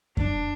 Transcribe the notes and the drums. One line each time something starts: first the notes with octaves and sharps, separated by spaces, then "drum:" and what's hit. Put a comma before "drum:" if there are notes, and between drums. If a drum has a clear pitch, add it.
D4, drum: kick F#2